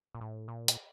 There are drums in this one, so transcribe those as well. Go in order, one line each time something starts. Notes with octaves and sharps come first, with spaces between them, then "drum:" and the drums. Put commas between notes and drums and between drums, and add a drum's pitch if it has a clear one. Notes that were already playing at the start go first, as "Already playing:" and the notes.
A#2
A2
A#2
drum: hi-hat